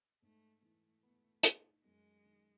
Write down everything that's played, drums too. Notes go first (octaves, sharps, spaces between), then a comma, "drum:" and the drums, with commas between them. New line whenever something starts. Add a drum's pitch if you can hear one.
G#2 A3
E3 A3
B3
D#4, drum: hi-hat
F#2 G#3
D#3